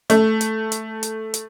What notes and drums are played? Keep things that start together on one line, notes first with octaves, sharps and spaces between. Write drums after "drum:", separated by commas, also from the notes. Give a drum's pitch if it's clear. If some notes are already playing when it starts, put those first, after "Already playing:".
A3, drum: hi-hat
drum: hi-hat
drum: hi-hat
drum: hi-hat
drum: hi-hat